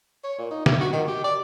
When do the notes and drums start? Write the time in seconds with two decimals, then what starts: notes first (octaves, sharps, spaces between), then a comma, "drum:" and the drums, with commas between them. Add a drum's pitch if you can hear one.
0.24 C#5
0.39 A#2
0.51 D#4
0.66 G4, drum: snare
0.81 F#4
0.93 D#3
1.08 G4
1.24 D5